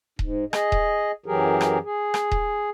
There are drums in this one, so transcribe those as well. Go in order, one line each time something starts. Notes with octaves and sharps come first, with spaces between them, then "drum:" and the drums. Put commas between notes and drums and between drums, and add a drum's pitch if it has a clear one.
G#2, drum: kick D#1
G#4 D#5, drum: rim click
drum: kick D#1
F#2 E3 F#3 G4 G#4 A#4
drum: rim click
G#4
drum: rim click
drum: kick D#1